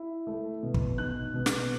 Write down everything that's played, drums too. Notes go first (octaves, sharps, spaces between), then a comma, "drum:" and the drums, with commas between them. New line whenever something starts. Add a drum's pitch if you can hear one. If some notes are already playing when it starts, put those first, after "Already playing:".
Already playing: E4
A3
B2
drum: kick
D#4 F#6
B2
drum: snare